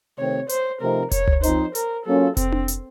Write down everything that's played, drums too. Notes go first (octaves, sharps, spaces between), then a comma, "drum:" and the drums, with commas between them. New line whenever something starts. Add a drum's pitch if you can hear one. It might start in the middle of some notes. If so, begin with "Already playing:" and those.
C3 D#3 A3 C4 C#5
C5, drum: hi-hat
C3 F3 A3 C4 D#4 A#4
C#5, drum: kick F1, hi-hat
drum: tom C#2
F3 C4 D#4 C5, drum: hi-hat
A#4, drum: hi-hat
F#3 A#3 C#4 F4 A4
C4, drum: kick F1, hi-hat
drum: tom D4
drum: hi-hat